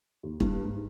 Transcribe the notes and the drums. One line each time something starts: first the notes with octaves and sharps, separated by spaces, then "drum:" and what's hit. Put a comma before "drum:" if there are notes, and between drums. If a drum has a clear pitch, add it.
D#2
G2, drum: kick
G#2